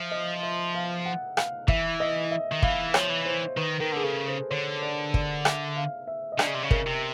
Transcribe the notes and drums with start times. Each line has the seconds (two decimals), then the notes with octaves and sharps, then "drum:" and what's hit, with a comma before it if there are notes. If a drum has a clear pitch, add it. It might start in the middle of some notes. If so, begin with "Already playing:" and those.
Already playing: F3 E5
0.11 D#5
0.43 E5
0.75 F5
1.06 F#5
1.37 F5, drum: rim click
1.68 E3 E5, drum: kick
2.00 D#5
2.31 E5
2.52 D#3
2.62 E3 F5, drum: kick
2.94 F3 C#5, drum: rim click
3.10 E3
3.26 C5
3.57 D#3 B4
3.80 D#3 A#4
3.92 D3 G#4
4.03 C#3 A4
4.28 C5
4.51 D3 C#5
4.82 D5
5.14 D5, drum: kick
5.45 E5, drum: rim click
5.76 F5
6.07 E5
6.32 D#5
6.39 D3 D5, drum: rim click
6.47 C#3
6.55 C3
6.63 C#3
6.71 A#4, drum: kick
6.87 C3